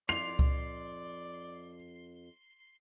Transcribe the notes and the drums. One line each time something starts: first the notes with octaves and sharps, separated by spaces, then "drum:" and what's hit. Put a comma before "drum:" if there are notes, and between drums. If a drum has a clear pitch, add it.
F2 D5 C6 F7
drum: kick C#2